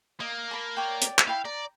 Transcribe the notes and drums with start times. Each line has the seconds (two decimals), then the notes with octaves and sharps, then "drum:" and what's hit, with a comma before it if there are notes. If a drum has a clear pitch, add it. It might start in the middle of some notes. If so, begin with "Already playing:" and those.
0.20 A#3 D#5
0.51 A5 B5
0.76 C#5 D5 G5
1.02 drum: hi-hat
1.19 drum: clap
1.28 E4 F5 G5 B5
1.45 D5 A#5